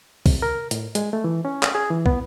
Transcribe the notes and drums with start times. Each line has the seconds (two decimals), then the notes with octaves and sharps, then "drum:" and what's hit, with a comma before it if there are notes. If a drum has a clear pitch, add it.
0.26 C3, drum: kick, open hi-hat
0.42 A#4
0.71 A2, drum: hi-hat
0.95 G#3, drum: hi-hat
1.13 A3
1.24 E3
1.45 C#4
1.63 drum: clap
1.75 G#4
1.90 E3
2.06 B3, drum: kick